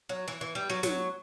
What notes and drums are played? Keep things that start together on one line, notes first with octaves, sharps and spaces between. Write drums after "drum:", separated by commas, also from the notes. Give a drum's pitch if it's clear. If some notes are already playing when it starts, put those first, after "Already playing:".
F#3
E3
E3
G3
F#3
F#3, drum: snare